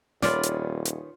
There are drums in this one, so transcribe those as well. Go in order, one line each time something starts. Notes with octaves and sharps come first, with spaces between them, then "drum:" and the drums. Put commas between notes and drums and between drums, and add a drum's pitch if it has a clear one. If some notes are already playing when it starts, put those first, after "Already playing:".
D#1 D#3 B3 C#4 F4 D5, drum: snare
drum: hi-hat
drum: hi-hat